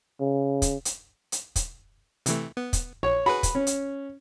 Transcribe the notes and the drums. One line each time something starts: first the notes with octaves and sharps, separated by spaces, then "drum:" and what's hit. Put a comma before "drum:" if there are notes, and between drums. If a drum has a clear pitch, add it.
C#3
drum: kick, hi-hat
drum: hi-hat
drum: hi-hat
drum: kick, hi-hat
C3 E3 A3, drum: hi-hat
B3
drum: kick, hi-hat
A#1 C#5
F#4 G#4 B4 B5
drum: kick, hi-hat
C#4
drum: hi-hat